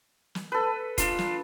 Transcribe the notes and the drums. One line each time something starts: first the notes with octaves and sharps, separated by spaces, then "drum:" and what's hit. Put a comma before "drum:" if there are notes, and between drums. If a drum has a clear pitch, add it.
drum: snare
A4 B4
D4 F4, drum: kick, hi-hat
drum: snare